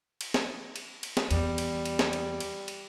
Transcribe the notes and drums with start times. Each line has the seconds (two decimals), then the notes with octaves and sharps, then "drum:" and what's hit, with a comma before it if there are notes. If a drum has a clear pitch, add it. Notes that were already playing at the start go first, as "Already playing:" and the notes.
0.21 drum: cymbal
0.34 drum: snare
0.76 drum: cymbal
1.03 drum: cymbal
1.17 drum: snare
1.31 E2 G3, drum: cymbal
1.58 drum: cymbal
1.85 drum: cymbal
1.99 drum: snare
2.13 drum: cymbal
2.40 drum: cymbal
2.68 drum: cymbal